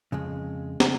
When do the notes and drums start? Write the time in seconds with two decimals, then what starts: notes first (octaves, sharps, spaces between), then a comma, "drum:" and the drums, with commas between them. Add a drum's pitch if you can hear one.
0.12 F2 C#3 G#3
0.80 C#3 G#3, drum: snare